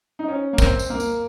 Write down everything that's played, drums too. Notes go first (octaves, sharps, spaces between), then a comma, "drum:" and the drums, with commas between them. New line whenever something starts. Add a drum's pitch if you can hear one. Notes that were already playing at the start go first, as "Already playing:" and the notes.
D#4
C#4
A#3
C4, drum: kick, tambourine
drum: tambourine
A#3
drum: tambourine